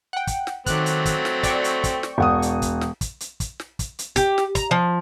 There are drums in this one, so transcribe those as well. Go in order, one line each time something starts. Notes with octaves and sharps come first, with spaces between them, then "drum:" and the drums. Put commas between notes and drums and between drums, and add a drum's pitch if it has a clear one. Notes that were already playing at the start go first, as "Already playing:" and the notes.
F#5 G5
drum: kick, hi-hat
drum: snare
D#3 F#3 A3 C4 D6 F#6, drum: kick, hi-hat
drum: hi-hat
drum: kick, hi-hat
drum: snare
D5 G5 C#6, drum: kick, hi-hat
drum: hi-hat
drum: kick, hi-hat
drum: snare
E1 F#5 D#6
drum: hi-hat
drum: kick, hi-hat
drum: snare
drum: kick, hi-hat
drum: hi-hat
drum: kick, hi-hat
drum: snare
drum: kick, hi-hat
drum: hi-hat
G4, drum: kick, hi-hat
drum: snare
A#5, drum: kick, hi-hat
F3